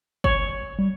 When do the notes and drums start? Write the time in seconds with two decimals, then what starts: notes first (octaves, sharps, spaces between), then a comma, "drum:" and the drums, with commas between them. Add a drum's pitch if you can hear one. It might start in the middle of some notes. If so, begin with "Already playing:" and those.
0.24 C#5, drum: kick G1
0.79 G3